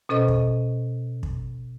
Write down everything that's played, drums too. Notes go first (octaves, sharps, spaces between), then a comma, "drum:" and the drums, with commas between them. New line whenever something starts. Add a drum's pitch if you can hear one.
B2 C#4 A4 C5 D#5
drum: kick
drum: kick